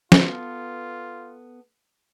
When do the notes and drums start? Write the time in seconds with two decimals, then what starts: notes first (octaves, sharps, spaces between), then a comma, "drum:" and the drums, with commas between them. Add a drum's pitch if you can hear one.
0.12 B3 F4 A4, drum: snare